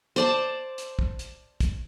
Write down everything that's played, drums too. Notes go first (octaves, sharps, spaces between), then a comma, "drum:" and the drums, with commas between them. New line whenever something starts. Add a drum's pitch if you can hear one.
C5 D5 A5
drum: hi-hat
drum: kick
drum: hi-hat
drum: kick, hi-hat